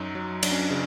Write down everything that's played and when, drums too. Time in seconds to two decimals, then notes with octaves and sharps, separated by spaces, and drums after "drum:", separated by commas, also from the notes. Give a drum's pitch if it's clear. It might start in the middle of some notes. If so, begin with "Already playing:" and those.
Already playing: F#2 F#3 D#4
0.15 F#3
0.43 F#3 D4, drum: cymbal
0.52 C#4
0.61 D4
0.71 C#3